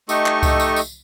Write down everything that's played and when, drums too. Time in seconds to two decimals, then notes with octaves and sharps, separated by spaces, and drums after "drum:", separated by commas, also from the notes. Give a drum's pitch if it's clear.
0.09 A3 D#4 G4 A4 D#5 C#6, drum: tambourine
0.26 drum: clap
0.43 drum: kick C2, tambourine
0.60 drum: tambourine
0.76 drum: tambourine